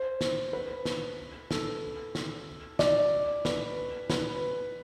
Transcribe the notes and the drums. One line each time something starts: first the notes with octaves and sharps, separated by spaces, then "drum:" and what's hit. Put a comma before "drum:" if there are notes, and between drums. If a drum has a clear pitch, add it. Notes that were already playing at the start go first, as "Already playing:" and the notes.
Already playing: C5
drum: snare
B4
drum: snare
A4, drum: snare
drum: snare
D5, drum: snare
B4, drum: snare
B4, drum: snare